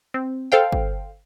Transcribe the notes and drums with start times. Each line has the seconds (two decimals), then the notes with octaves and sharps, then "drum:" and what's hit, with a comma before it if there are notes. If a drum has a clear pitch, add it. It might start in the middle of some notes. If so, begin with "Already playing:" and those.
0.14 C4
0.52 A4 C5 F5 G5
0.72 drum: kick